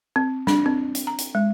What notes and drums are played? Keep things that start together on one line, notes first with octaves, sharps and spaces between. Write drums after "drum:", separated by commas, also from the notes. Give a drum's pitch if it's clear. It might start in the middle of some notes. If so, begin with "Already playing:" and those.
C4
D4, drum: snare
C4
drum: hi-hat
A#5
drum: hi-hat
G#3